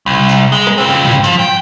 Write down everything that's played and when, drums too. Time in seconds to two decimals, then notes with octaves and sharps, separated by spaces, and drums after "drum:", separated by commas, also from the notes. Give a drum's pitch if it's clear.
0.06 C2
0.29 drum: tambourine
0.52 G#3
0.67 drum: rim click
0.78 C#2 C4
1.05 drum: tom
1.24 F3, drum: tambourine
1.39 G5